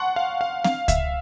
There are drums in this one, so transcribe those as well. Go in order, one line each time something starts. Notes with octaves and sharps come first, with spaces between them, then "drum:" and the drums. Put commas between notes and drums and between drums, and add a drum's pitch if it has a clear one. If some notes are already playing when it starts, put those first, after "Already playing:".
Already playing: F#5 A5 C6 C#6
F5
F5
F5, drum: snare C4
E5, drum: kick C#2, hi-hat